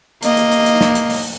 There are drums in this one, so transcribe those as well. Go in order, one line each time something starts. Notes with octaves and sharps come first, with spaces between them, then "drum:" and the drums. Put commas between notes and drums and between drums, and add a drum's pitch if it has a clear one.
A#3 D#5, drum: hi-hat
drum: hi-hat
drum: hi-hat
drum: hi-hat
drum: snare
drum: hi-hat
drum: open hi-hat